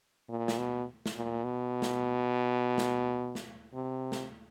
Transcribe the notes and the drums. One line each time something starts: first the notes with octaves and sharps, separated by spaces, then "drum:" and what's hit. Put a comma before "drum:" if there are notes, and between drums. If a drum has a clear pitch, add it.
A#2
drum: snare
B2
drum: snare
A#2
B2
drum: snare
drum: snare
drum: snare
C3
drum: snare